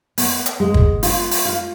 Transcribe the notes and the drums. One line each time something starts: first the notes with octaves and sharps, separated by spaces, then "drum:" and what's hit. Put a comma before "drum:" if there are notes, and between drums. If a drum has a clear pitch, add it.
B3, drum: open hi-hat
drum: hi-hat
G#3
drum: kick
F4, drum: open hi-hat
drum: open hi-hat
F4